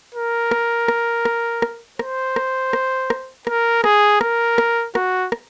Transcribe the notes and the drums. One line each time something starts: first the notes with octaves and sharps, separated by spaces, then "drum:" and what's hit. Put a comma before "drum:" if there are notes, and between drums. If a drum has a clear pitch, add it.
A#4
drum: rim click
drum: rim click
drum: rim click
drum: rim click
C5, drum: rim click
drum: rim click
drum: rim click
drum: rim click
A#4, drum: rim click
G#4, drum: rim click
A#4, drum: rim click
drum: rim click
F#4, drum: rim click
drum: rim click